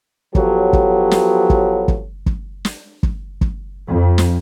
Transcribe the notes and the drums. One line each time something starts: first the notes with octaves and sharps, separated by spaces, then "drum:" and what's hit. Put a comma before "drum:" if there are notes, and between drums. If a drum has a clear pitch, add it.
F3 F#3 B3 G4 A4 C#5, drum: kick
drum: kick
drum: snare
drum: kick
drum: kick
drum: kick
drum: snare
drum: kick
drum: kick
F2
drum: snare